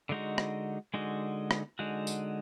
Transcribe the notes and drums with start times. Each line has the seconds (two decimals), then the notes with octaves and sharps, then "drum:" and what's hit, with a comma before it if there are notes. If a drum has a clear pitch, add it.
0.09 D3 G#3 D#4 F#4
0.38 drum: rim click
0.94 D3 G#3 D#4 F#4
1.51 drum: rim click
1.79 D3 G#3 D#4 F#4
2.07 drum: tambourine